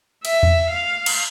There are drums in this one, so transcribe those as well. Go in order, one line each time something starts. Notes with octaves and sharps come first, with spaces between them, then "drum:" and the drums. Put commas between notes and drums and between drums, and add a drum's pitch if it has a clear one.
E5, drum: cymbal
drum: tom E2
F5
drum: cymbal